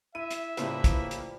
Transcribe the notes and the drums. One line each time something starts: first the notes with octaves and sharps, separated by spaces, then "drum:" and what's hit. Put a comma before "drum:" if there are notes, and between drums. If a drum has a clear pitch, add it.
E4 E5 D#7
drum: hi-hat
A2 C#3 F3 G3 A#3 B4, drum: hi-hat
drum: kick, hi-hat
drum: hi-hat